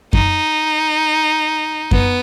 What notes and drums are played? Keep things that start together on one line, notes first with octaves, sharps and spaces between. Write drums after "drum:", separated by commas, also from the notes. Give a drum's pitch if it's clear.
D#4, drum: kick F#2
B3, drum: kick F#2